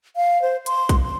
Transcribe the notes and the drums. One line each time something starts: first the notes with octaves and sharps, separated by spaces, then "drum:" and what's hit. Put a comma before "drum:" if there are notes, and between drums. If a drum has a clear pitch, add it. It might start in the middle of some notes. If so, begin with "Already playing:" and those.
F5
C5
C6, drum: hi-hat
drum: kick A#1, hi-hat
C6